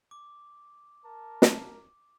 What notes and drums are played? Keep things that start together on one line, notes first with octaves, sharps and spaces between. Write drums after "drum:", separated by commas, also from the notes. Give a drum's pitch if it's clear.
D6
A#4 A5
drum: snare